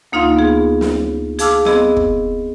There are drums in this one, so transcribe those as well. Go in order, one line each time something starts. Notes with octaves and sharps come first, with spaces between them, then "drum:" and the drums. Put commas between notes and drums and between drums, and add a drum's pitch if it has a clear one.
D2 A#3 D#4 F4 F5 C6
B3 G#4
drum: snare
G#4 F5 A5 D6 E6 F6, drum: hi-hat
B3 C4 G#4 D#5 E6, drum: snare
drum: kick